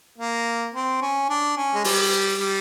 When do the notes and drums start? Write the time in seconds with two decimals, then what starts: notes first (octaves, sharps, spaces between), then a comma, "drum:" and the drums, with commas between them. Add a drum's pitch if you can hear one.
0.18 A#3
0.74 C4
1.01 C#4
1.29 D4
1.57 C#4
1.74 G#3
1.84 G3, drum: open hi-hat
2.40 G3